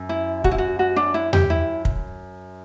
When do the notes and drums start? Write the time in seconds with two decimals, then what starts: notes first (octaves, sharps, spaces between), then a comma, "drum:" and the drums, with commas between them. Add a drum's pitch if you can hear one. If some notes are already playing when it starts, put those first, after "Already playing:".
Already playing: F#2
0.09 E4
0.44 F#4, drum: kick
0.51 E4
0.58 F#4
0.79 F#4
0.96 D4
1.14 E4
1.33 G4, drum: tom E2
1.50 E4
1.85 drum: kick